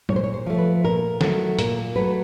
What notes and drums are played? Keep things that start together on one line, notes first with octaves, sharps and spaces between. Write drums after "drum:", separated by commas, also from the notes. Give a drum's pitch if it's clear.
A#2 C#5, drum: tom F#3
C5
C#5
C5
F3 A3
B4
A#2 A#4
F#3 A3 A4, drum: snare
A#2 A#4, drum: hi-hat
F#3 A3 B4